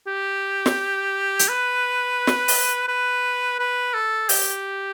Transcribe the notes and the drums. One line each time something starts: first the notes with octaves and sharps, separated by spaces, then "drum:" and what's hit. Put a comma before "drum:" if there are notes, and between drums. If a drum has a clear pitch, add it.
G4
drum: snare
drum: hi-hat
B4
drum: snare
drum: open hi-hat
B4
B4
A4
G4, drum: open hi-hat